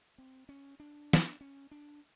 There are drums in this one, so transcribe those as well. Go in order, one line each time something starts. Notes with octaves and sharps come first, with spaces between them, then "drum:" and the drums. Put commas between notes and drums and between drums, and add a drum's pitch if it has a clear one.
C4
C#4
D4
drum: snare
C#4
D4